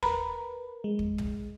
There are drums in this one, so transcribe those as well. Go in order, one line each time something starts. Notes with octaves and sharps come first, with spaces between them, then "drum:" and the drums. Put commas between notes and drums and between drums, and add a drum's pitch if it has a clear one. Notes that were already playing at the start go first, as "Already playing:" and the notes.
A#4 B4 A#5 B5, drum: kick
G#3
drum: kick
drum: tom